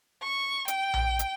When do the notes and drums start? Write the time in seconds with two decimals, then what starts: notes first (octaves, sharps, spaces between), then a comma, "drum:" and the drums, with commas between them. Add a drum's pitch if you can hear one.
0.22 C#6
0.68 G5, drum: hi-hat
0.94 drum: tom A#1
1.19 drum: hi-hat